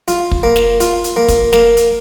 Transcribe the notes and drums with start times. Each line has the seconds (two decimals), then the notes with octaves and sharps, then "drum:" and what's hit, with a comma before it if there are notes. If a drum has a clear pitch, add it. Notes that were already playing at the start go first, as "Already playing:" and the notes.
0.08 F4, drum: hi-hat
0.31 drum: kick
0.43 A#3
0.56 drum: snare
0.80 F4, drum: hi-hat
1.04 drum: hi-hat
1.16 A#3
1.28 drum: kick, hi-hat
1.53 A#3, drum: snare
1.77 drum: hi-hat